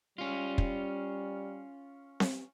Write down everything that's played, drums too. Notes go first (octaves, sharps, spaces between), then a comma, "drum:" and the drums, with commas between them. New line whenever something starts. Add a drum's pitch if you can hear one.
G3 C#4 F4
drum: kick
drum: snare C4